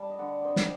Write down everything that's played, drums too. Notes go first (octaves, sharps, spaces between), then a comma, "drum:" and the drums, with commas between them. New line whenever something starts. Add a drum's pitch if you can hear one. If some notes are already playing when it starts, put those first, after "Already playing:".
Already playing: G3 A5
D#5
D3 D5 F#5
D5
C4 C5 D#5
drum: snare